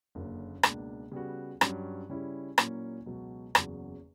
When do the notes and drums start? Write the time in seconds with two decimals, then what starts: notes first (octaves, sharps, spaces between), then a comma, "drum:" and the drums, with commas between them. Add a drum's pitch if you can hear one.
0.15 F#1 F#2 D3 A#3
0.63 C#2 B2 A#3 D4, drum: rim click
1.12 C#3 G3 B3 F#4
1.61 G2 F#3 C#4, drum: rim click
2.09 C#3 G3 C#4 E4
2.58 A#2 F#3 A#3 C#4 E4, drum: rim click
3.06 C#2 B2 F#3
3.55 F#1 E2 C#3 F#3, drum: rim click